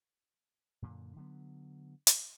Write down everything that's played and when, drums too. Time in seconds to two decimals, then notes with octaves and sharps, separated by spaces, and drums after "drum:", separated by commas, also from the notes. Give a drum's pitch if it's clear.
0.82 F#2 A#2 D3
1.16 D3 F#3 B3
2.07 drum: hi-hat